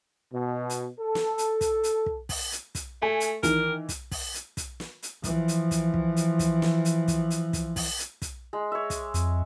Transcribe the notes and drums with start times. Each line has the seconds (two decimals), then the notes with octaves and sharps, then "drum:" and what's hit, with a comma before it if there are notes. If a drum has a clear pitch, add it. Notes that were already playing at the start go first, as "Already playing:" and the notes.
0.32 B2
0.70 drum: hi-hat
0.98 A4
1.15 drum: snare
1.38 drum: hi-hat
1.61 drum: kick, hi-hat
1.84 drum: hi-hat
2.06 drum: kick
2.29 drum: kick, open hi-hat
2.52 drum: hi-hat
2.75 drum: kick, hi-hat
3.02 A3 G#5
3.20 drum: hi-hat
3.43 D#3 E3 A#4, drum: kick, hi-hat
3.89 drum: kick, hi-hat
4.11 drum: kick, open hi-hat
4.34 drum: hi-hat
4.57 drum: kick, hi-hat
4.80 drum: snare
5.03 drum: hi-hat
5.24 E3 F3, drum: kick, hi-hat
5.48 drum: hi-hat
5.71 drum: kick, hi-hat
5.94 drum: kick
6.17 drum: hi-hat
6.39 drum: kick, hi-hat
6.62 drum: snare
6.85 drum: hi-hat
7.08 drum: kick, hi-hat
7.30 drum: hi-hat
7.53 drum: kick, hi-hat
7.76 drum: kick, open hi-hat
7.99 drum: hi-hat
8.22 drum: kick, hi-hat
8.53 G#3
8.72 C#5 E5
8.90 drum: kick, hi-hat
9.14 F2, drum: hi-hat